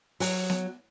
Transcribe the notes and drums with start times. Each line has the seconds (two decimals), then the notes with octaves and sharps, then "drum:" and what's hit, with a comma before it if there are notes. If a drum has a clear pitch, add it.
0.20 F#3, drum: open hi-hat
0.50 drum: snare B3